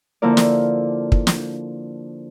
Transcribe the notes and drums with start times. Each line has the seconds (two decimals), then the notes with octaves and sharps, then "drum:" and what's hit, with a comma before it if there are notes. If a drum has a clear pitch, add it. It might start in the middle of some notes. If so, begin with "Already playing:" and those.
0.22 D3 F3 A#3 E4 A#4 D5
0.37 drum: snare
1.12 drum: kick
1.27 drum: snare